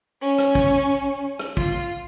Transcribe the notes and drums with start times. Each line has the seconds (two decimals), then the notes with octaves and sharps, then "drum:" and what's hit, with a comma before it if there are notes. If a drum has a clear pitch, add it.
0.21 C#4
0.38 drum: rim click
0.55 drum: kick
1.39 drum: rim click
1.57 F4, drum: kick